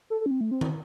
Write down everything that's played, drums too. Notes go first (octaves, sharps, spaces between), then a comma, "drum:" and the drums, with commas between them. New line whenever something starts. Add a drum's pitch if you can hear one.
A4
A4
C#4
C4
A3
C4
drum: tom D#3